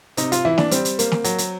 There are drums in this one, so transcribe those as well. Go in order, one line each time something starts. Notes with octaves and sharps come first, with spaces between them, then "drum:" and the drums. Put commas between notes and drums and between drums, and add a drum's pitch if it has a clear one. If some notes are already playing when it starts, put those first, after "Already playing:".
C3 D#4, drum: hi-hat
F4, drum: hi-hat
E3 E4
D4, drum: snare
G3 C4, drum: hi-hat
drum: hi-hat
A#3, drum: hi-hat
drum: snare
F#3, drum: hi-hat
drum: hi-hat